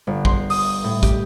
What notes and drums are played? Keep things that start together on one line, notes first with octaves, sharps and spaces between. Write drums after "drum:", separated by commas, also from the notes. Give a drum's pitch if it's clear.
G1
C6, drum: kick
D#6, drum: open hi-hat
A2
G4, drum: kick, hi-hat